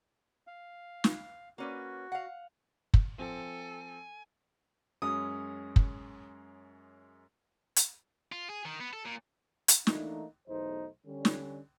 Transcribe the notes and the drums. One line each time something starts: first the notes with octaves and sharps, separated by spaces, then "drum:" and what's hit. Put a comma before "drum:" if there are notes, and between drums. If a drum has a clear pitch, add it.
F5
drum: snare
A#3 C#4 F#4 B4
F5 F#5
drum: kick
F3 C4 A4 G#5
F#2 G#3 C#4 D#6
drum: kick
drum: hi-hat
F4
G#4
D#3
B3
A4
A#2
drum: hi-hat
E3 A3 A#3 D4 D#4, drum: snare
B1 E2 A3 D#4 C5
D3 G3 C#4
drum: snare